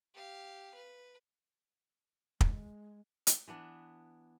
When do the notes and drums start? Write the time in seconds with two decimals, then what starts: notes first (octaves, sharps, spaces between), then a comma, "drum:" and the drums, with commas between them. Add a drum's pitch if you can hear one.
0.14 G4 F5
0.75 B4
2.41 G#3, drum: kick
3.27 drum: hi-hat
3.48 E3 B3 D4